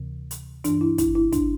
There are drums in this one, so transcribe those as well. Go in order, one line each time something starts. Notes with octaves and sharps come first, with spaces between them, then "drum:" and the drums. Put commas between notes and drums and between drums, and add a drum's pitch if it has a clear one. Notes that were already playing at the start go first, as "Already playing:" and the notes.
Already playing: D2 C3 E3
drum: hi-hat
G2 E3 D4, drum: hi-hat
E4
E4, drum: kick, hi-hat
E4
D4, drum: kick, hi-hat